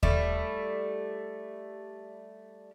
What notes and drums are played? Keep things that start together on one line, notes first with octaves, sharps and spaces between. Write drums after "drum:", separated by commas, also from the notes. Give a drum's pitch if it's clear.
G3 A3 E4, drum: kick D#2